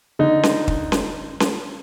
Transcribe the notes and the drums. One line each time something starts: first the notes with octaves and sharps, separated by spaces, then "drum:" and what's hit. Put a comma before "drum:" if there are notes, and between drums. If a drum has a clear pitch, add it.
D3 D#4
drum: snare C#4
drum: kick
drum: snare C#4
drum: snare C#4